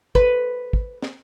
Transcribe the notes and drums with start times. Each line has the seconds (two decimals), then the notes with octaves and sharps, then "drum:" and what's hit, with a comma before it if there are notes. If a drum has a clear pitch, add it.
0.15 B4, drum: kick
0.73 drum: kick
1.02 drum: snare